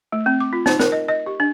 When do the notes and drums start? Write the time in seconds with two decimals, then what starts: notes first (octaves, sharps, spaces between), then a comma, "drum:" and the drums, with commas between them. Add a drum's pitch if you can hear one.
0.12 A3
0.26 C4
0.40 D6
0.53 F4
0.66 D#4, drum: snare
0.80 A#4, drum: snare
0.92 D#5
1.08 D#5
1.26 G4
1.40 D4